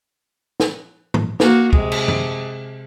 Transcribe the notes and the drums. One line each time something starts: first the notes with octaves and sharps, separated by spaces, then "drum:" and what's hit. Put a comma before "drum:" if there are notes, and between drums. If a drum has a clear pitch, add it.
drum: snare
drum: tom G#2
A#3 F#4, drum: snare
C3 G#3, drum: kick
drum: cymbal
drum: tom F#2